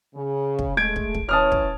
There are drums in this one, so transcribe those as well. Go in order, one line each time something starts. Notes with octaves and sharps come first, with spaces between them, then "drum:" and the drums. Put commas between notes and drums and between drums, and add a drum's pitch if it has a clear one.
C#3
drum: kick
G#3 A3 G#6 D7
drum: kick
drum: kick
E3 C#4 C#5 A5 D#6 F6
drum: kick